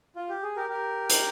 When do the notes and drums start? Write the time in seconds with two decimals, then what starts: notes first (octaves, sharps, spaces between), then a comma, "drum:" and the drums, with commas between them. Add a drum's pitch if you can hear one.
0.16 F4
0.29 G4
0.43 G#4
0.56 G4 A#4
0.69 G4 A#4
1.10 drum: hi-hat